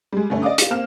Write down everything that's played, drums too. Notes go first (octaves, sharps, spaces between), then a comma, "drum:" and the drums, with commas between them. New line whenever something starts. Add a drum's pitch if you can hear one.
G3 G#3
G2 D3 A3 C#4
D5 D#5 F5 D6 D#6
F4 G4, drum: hi-hat
A#3 C4 F6 E7